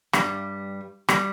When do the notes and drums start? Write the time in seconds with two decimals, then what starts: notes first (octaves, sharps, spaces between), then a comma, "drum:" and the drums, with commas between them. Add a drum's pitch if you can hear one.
0.13 G2 G3, drum: rim click
1.09 G3, drum: rim click